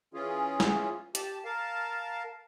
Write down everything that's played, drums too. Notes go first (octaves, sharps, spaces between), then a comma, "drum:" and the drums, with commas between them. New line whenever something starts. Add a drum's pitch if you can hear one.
E3 C#4 F4 G#4
drum: snare
G4 A5, drum: hi-hat
A#4 F5 A5